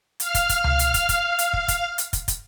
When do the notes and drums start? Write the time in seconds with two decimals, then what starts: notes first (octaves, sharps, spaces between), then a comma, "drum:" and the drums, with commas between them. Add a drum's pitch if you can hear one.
0.20 F5 F6, drum: hi-hat
0.35 drum: kick, hi-hat
0.49 drum: kick, hi-hat
0.64 drum: tom C#2
0.79 drum: hi-hat
0.94 drum: kick, hi-hat
1.09 drum: kick, hi-hat
1.39 drum: hi-hat
1.53 drum: kick
1.68 drum: kick, hi-hat
1.98 drum: hi-hat
2.13 drum: kick, hi-hat
2.28 drum: kick, hi-hat